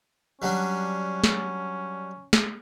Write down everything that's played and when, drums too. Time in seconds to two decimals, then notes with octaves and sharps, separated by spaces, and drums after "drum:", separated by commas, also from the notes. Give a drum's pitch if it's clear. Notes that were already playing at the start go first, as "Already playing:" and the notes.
0.42 F#3 G3 C#4 D4
1.24 drum: snare
2.33 drum: snare